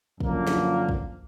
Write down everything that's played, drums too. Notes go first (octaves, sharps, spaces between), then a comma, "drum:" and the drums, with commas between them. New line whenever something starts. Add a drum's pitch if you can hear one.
F#2 D3 F3 A#3, drum: kick
drum: snare
drum: kick